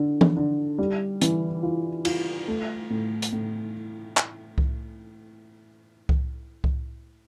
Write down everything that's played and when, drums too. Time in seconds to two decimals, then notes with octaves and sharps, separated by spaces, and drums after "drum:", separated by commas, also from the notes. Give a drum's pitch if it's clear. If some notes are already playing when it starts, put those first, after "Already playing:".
Already playing: D3
0.21 drum: tom E3
0.37 D3
0.78 G3
1.22 E3, drum: hi-hat
1.63 F4
2.05 F4, drum: cymbal
2.48 A3
2.90 A2
3.22 drum: hi-hat
3.32 A2
4.17 drum: clap
4.58 drum: kick C2
6.09 drum: kick C2
6.64 drum: kick C2